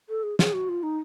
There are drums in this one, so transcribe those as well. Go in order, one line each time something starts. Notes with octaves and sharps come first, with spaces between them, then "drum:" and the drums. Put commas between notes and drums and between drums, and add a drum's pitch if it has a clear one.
A4
G#4
G#4, drum: snare
F#4
F4
D#4